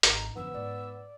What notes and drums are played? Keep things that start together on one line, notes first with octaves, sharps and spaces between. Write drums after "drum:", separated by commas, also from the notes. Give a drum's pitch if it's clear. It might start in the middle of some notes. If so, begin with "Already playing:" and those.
G#1 D#4 F4 A#5, drum: hi-hat
F#2 D3 F3 B3 E6
G#2 D5